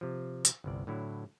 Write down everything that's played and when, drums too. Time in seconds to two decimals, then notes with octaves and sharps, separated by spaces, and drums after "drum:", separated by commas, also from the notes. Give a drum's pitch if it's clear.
0.01 C3 F3
0.45 drum: hi-hat
0.64 G1 C2 D5
0.87 A2 D3 F#3 E4